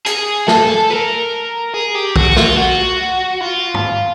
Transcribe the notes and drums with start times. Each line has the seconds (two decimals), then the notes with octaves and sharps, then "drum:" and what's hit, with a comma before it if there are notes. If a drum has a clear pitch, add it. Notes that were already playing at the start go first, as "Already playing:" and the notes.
0.06 G#4, drum: hi-hat
0.48 A4, drum: snare
0.91 A#4
1.74 G#4
1.95 G4
2.16 F#4, drum: kick
2.36 F4, drum: snare
2.57 F#4
3.41 F4
3.74 drum: tom G2